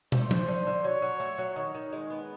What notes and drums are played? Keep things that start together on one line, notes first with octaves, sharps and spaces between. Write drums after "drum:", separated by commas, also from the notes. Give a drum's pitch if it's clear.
A3 C5, drum: tom
A3, drum: tom F3
D3
D3
F#3 C#5
F#3
A3
F#3
D#3 C#5
D#3
G#3
B3